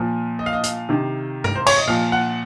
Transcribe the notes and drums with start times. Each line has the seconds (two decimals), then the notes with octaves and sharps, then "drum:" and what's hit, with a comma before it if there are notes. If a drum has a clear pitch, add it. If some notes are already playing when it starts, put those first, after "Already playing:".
Already playing: A#2 F3
0.39 D#5
0.46 F5
0.53 D#5
0.64 F5, drum: hi-hat
0.89 C3 D#3
1.44 A#4, drum: tom G2
1.55 C5
1.67 C#5, drum: cymbal
1.77 D#5
1.87 A#2 F3 F5
2.12 F#5